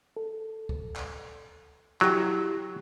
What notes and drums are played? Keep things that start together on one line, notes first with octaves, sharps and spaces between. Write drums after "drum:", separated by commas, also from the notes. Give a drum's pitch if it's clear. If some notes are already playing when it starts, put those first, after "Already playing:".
A4
drum: kick
drum: clap
F#3 E4 G4, drum: clap